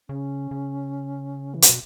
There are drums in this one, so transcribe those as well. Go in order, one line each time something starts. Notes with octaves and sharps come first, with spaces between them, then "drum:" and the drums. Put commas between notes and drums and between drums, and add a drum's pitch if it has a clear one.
C#3 C#4
C#3
E3
F#3, drum: hi-hat
B2